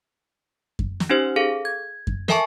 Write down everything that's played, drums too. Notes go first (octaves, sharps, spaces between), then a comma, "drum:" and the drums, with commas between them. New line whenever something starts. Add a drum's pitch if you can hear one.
drum: kick F#2
drum: snare
C#4 D#4 G4 C5
G#4 A4 F5
G#6
drum: kick F#2
A4 A#4 E5 G#5 A5 C#6, drum: snare